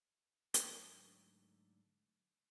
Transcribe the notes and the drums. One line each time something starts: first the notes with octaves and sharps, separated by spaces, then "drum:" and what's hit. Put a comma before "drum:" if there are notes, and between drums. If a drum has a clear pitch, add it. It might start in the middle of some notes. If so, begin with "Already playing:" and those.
G#2 D3 F#3 A3 A5, drum: hi-hat